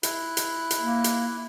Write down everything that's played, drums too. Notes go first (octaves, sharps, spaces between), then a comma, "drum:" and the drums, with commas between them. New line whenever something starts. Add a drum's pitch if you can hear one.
E4 F#6, drum: hi-hat
drum: hi-hat
drum: hi-hat
A#3
drum: hi-hat